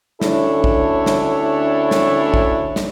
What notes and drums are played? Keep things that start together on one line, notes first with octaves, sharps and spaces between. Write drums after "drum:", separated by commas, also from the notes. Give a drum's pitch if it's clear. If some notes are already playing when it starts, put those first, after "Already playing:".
D2 C#4 D4 E4 A4 C#5, drum: snare
drum: kick A#1
drum: snare
drum: snare
drum: kick A#1
drum: snare